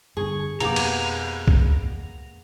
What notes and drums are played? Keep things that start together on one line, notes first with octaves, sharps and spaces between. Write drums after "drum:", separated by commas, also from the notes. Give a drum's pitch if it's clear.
G2 D3 G#4 C#6
F2 B2 A#3 B3 G4 G#4 A#5 D6, drum: hi-hat
drum: cymbal
drum: kick